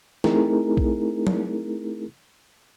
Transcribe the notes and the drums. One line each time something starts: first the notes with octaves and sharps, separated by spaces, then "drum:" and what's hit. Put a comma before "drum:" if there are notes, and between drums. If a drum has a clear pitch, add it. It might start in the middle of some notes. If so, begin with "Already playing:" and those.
A3 C4 D#4 E4 G#4 A#4, drum: snare
drum: kick
drum: tom